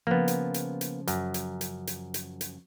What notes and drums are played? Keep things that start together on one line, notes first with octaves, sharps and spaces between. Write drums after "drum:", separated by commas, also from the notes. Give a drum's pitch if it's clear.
C#3 F3 A#3 B3
drum: hi-hat
drum: hi-hat
drum: hi-hat
F#2, drum: hi-hat
drum: hi-hat
drum: hi-hat
drum: hi-hat
drum: hi-hat
drum: hi-hat